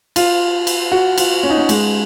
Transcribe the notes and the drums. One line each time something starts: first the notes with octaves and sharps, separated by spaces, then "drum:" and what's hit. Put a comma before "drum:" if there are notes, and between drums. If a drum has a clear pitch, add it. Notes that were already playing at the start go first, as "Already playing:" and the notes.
F4, drum: cymbal
drum: cymbal
F#4
F4, drum: cymbal
C#4
D#4
C#4
G#3, drum: cymbal